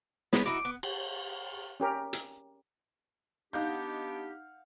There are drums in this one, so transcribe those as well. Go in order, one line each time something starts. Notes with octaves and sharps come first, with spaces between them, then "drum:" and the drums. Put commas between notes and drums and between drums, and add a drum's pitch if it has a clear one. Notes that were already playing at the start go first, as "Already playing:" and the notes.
G#3 B3 C#5, drum: snare
D#4 E4 F#4 D6
B3
drum: cymbal
C#4 G4 A#4
drum: hi-hat
B3 D4 D#4 G4 F5 F#5 G6